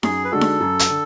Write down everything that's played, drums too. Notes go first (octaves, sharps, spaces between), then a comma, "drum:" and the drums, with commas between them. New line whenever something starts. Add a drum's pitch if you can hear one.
F#2 G#4, drum: snare D#4
B4
D3 G#3 D4 F#4 A4
drum: snare D#4
F#2
drum: hi-hat
D3